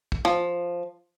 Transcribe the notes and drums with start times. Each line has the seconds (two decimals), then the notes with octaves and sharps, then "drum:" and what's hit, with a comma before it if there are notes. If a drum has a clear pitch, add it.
0.12 drum: kick
0.25 F3